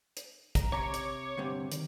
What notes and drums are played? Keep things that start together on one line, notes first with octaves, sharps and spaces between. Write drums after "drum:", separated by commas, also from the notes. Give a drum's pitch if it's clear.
drum: hi-hat
A#5, drum: kick, hi-hat
C3 C#5 A#5 D6
drum: hi-hat
D2 G2 C3
D#3, drum: hi-hat